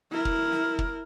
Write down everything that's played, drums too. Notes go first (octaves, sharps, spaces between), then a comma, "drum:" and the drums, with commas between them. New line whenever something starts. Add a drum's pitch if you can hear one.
E4 A#4
drum: kick
drum: snare
drum: kick